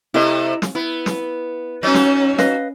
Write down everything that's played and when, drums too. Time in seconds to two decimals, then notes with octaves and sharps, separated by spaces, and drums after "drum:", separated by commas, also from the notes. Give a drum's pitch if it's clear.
0.14 C3 A3 E4 D#5
0.62 drum: snare
0.75 B3 E4
1.06 drum: snare
1.83 F#3 C#4 D#4
1.94 drum: snare
2.38 B4 D#5 F5, drum: snare